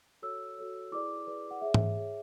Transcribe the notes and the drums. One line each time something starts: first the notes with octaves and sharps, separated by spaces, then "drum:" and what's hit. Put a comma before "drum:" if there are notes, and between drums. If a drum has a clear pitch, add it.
F#4 A4 C#5 E6
F#4 A4 C#5
E4 G#4 B4 D5 D6
E4 G#4 B4 D5
F#5
G#4 C#5 E5
drum: tom G#2
G#4 C#5